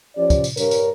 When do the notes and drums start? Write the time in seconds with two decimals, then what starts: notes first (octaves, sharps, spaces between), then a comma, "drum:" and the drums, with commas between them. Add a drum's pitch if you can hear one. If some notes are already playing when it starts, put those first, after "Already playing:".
0.17 F3 C#4 G4 D5
0.30 drum: kick, tambourine
0.44 drum: tambourine
0.57 G2 A#4 C#5, drum: tambourine
0.71 drum: tambourine